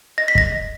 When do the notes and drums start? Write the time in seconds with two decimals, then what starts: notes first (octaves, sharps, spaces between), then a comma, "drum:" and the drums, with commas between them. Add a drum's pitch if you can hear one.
0.18 D#5 A#6
0.28 B6
0.35 D#5 A#6, drum: kick
0.52 D#5